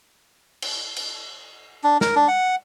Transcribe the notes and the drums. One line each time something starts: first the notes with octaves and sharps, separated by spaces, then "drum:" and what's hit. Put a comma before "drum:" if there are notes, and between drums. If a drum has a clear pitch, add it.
drum: cymbal
drum: cymbal
D4
A#4, drum: snare
D4
F#5